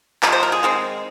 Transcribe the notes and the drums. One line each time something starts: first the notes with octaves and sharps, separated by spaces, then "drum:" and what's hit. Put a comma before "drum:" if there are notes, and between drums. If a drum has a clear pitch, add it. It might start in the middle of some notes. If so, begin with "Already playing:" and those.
C3 F3 G#3, drum: clap
C5
A#4
G#4
D#3 G#3 C4